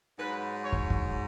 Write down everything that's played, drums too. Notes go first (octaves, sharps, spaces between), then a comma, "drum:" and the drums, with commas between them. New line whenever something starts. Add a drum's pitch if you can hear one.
G#2 F#3 B4
C#5
drum: kick
drum: kick